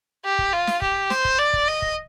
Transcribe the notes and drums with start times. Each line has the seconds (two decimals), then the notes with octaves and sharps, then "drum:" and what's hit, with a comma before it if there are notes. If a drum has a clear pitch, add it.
0.25 G4
0.39 drum: kick
0.53 F4
0.67 drum: snare
0.82 G4, drum: kick
1.10 C5, drum: snare
1.25 drum: kick
1.38 D5
1.53 drum: kick
1.67 D#5
1.82 drum: kick